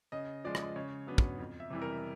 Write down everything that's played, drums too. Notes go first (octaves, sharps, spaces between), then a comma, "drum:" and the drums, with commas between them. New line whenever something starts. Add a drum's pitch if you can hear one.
C#3 D#5
F3 G#3 D5
drum: rim click
C#3 C#5
F#3 B3 D4
drum: kick
F2
E5
C3 E3 G3
A#4